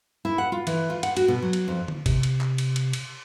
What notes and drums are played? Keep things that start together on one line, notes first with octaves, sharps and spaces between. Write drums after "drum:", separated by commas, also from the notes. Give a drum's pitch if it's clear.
E4
F#5
F4
E3, drum: cymbal
F4
F#5, drum: cymbal
F#4, drum: cymbal
B2
F#3
drum: cymbal
F2
drum: tom D3
C3, drum: kick, cymbal
drum: cymbal
drum: clap
drum: cymbal
drum: cymbal
drum: cymbal